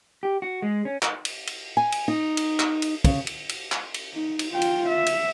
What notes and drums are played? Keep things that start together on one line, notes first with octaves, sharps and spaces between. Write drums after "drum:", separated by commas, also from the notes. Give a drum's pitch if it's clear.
G4
F#4
G#3
C#4
drum: clap
drum: cymbal
drum: cymbal
G#5
drum: cymbal
D#4
drum: cymbal
drum: clap
drum: cymbal
C#3, drum: kick, cymbal
drum: cymbal
drum: cymbal
drum: clap
drum: cymbal
D#4
drum: cymbal
F4 G5
drum: cymbal
E5
drum: cymbal